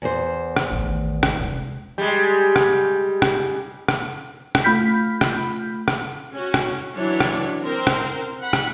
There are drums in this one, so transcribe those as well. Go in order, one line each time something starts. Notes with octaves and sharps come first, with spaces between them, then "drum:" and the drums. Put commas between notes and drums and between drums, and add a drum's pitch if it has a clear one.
E2 C5
drum: rim click
A1 D#3
drum: rim click
C3 G#3
G3 G#3
drum: rim click
drum: rim click
drum: rim click
drum: rim click
A3 F4 B5 F6 G6 B6
drum: rim click
drum: rim click
C#4 F#4
drum: rim click
E3 F#3 D4 E4 C#5
drum: rim click
C4 A#4 C5
drum: rim click
F#5 B5
drum: rim click